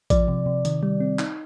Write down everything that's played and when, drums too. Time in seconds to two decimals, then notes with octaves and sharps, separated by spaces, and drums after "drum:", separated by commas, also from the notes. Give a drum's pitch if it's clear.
0.10 F3 D5, drum: kick A1, hi-hat
0.28 C3
0.46 C3
0.65 D#3, drum: hi-hat
0.83 G3
1.00 C4
1.19 D#4, drum: clap